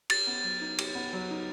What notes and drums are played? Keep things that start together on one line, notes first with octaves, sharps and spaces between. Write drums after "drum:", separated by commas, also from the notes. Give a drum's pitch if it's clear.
G4 A6, drum: cymbal
B3
F#3
D#4
G4, drum: cymbal
B3
F#3
D#4